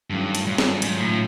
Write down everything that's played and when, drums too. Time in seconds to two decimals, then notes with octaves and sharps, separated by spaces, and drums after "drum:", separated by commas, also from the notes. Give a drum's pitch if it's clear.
0.10 G2 D#3 F#3 A3 C#4 F4
0.35 drum: hi-hat
0.47 G2
0.58 drum: snare
0.82 G#2, drum: hi-hat
1.01 A2